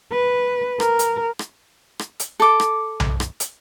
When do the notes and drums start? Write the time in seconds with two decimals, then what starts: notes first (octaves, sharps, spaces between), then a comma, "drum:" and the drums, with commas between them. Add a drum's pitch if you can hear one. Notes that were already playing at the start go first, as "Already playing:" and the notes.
0.12 B4
0.80 A#4, drum: rim click
0.99 drum: hi-hat
1.39 drum: rim click
1.99 drum: rim click
2.19 drum: hi-hat
2.40 A4 D6
2.60 drum: rim click
3.00 drum: tom B1
3.20 drum: rim click
3.40 drum: hi-hat